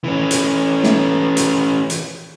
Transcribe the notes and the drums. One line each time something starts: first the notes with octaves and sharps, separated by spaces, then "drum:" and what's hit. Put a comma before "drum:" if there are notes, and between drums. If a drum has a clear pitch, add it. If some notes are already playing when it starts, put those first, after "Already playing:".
E3 C#4
drum: hi-hat
drum: snare
drum: hi-hat
drum: hi-hat